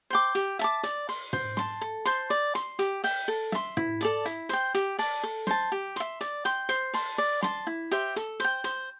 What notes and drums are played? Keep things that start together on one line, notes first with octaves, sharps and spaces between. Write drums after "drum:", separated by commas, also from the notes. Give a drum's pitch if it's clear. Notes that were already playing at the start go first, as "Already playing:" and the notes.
C5 G5 D6
G4, drum: hi-hat
E5 A5 D6, drum: hi-hat
D5, drum: hi-hat
C6, drum: open hi-hat
C5, drum: tom
A5 C6, drum: snare
A4
C5 A5 C6, drum: hi-hat
D5, drum: hi-hat
C6, drum: hi-hat
G4, drum: hi-hat
E5 G5, drum: open hi-hat
A4
E5 C6, drum: snare
E4, drum: tom
A4 D5 A5, drum: hi-hat
E4, drum: hi-hat
C5 G5, drum: hi-hat
G4, drum: hi-hat
D5 A5, drum: open hi-hat
A4
C5 A5, drum: snare
G4
E5 C6, drum: hi-hat
D5, drum: hi-hat
G5 C6, drum: hi-hat
C5, drum: hi-hat
A5 C6, drum: open hi-hat
D5
A5 C6, drum: snare
E4
G4 C5 E5, drum: hi-hat
A4, drum: hi-hat
C5 G5, drum: hi-hat
C5, drum: hi-hat